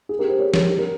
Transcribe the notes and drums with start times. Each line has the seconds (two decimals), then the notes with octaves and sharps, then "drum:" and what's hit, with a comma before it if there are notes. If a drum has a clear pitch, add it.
0.09 G#4
0.19 G4 A#4
0.29 G#4 C5
0.39 A#4 C#5
0.54 A#4 C#5, drum: snare
0.68 G4 A#4
0.79 G4 A#4